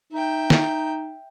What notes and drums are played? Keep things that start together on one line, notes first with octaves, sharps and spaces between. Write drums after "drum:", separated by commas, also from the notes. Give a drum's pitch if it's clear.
D#4 E5 G5
drum: snare